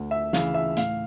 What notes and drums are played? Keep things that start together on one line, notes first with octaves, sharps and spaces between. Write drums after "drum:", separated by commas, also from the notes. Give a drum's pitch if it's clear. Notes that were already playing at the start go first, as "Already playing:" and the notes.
Already playing: D2
E5
C#3 E3 F5, drum: snare
E5
A2 F5, drum: hi-hat